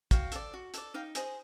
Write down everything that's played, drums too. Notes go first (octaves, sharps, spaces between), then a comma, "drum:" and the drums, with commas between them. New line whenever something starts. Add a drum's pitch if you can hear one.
F#4 F5 G5, drum: kick, hi-hat
A4 D5, drum: hi-hat
F#4
A4 D5, drum: hi-hat
D#4 F5 G5
G#4 C5 D#5, drum: hi-hat